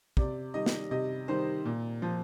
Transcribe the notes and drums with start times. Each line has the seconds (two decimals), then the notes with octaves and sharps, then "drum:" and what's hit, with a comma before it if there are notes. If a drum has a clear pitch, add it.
0.17 C3 D5, drum: kick
0.54 D#3 G3 D#5
0.66 drum: snare
0.91 C3 D#5
1.28 D#3 G3 C5
1.65 A#2
2.02 F3